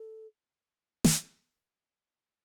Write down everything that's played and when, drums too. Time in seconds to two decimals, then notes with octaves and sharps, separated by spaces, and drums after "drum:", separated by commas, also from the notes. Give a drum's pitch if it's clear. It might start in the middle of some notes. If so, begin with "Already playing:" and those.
Already playing: A4
1.04 drum: snare